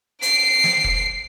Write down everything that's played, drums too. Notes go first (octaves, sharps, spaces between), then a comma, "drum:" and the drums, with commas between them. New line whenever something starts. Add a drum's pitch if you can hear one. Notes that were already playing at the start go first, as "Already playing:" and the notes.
C7 D7, drum: hi-hat
drum: snare
drum: kick F1